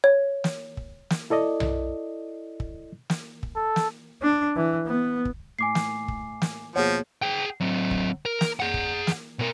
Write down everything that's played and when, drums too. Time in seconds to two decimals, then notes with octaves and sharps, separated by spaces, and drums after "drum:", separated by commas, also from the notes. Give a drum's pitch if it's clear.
0.04 C#5
0.44 drum: snare
0.77 drum: kick
1.10 drum: snare
1.30 E4 A4 D5 D#5
1.60 drum: tom B1
2.60 drum: kick
3.10 drum: snare
3.43 drum: kick
3.56 A4
3.76 drum: snare
4.22 D4
4.56 E3
4.87 B3
5.25 drum: kick
5.59 A2 G#5 D6 C7
5.75 drum: snare
6.08 drum: kick
6.42 drum: snare
6.76 D#2 B2 F3 G#4 C#5 F#5
7.22 G#4 G5
7.60 F#3 C4
7.91 drum: kick
8.25 A#4
8.41 drum: snare
8.60 G#4 F#5
8.74 drum: kick
9.07 drum: snare
9.39 B2 A#4